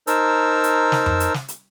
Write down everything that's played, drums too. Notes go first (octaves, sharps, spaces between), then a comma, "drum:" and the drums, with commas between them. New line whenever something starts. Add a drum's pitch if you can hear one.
D#4 A#4 C5 A5 E6, drum: hi-hat
drum: hi-hat
drum: snare
drum: tom F2
drum: hi-hat
drum: snare
drum: hi-hat